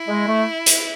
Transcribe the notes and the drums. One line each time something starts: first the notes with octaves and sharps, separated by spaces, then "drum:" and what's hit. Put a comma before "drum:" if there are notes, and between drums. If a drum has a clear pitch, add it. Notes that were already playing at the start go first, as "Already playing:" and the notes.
Already playing: E4
G#3
A3
drum: hi-hat